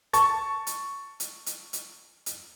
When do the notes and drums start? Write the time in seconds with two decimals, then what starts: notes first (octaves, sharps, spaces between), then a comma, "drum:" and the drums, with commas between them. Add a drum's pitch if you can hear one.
0.13 A5 C#6 A6, drum: hi-hat
0.67 drum: hi-hat
1.20 drum: hi-hat
1.46 drum: hi-hat
1.73 drum: hi-hat
2.26 drum: hi-hat